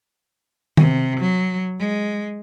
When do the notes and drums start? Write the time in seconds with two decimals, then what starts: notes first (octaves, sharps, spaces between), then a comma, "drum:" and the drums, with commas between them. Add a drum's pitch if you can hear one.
0.77 C3, drum: tom D#3
1.20 F#3
1.79 G#3